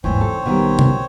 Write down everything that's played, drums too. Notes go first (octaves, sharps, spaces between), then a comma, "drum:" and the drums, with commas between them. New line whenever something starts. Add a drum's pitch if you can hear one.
D#2 G#2 E3 C4 C5 C#5
B1 A4
B2 D#3 G3
drum: tom C3